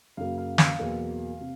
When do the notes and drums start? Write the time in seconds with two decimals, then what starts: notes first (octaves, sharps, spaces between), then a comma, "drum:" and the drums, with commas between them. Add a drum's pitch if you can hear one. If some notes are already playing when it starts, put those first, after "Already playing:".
0.17 F#2 C#3 F#3 A#3 F5
0.38 F5
0.58 F5, drum: snare
0.79 E2 B2 F#3 A#3
1.40 C3